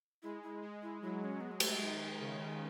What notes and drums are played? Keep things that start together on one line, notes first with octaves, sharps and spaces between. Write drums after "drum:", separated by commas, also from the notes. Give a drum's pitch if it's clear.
G#3 E4
E4
G#3
E4
F#3 E4
E4
C#4
B3
G#3
A3, drum: cymbal
D#3 G#3
C#3